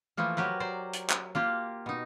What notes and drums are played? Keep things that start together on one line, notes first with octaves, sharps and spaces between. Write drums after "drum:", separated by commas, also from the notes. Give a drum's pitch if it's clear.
E3 F3 A3 A#3
F#3 G4 A#4 B4
C5 D5
drum: hi-hat
drum: clap
A#3 F4 G4
B2 D#4